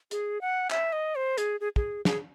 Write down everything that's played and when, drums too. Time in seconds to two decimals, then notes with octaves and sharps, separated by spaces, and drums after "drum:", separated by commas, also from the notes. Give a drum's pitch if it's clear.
0.11 G#4, drum: hi-hat
0.41 F#5
0.70 E5, drum: clap
0.93 D#5
1.16 C5
1.38 G#4, drum: hi-hat
1.60 G#4
1.76 G#4, drum: kick
2.05 G#4, drum: snare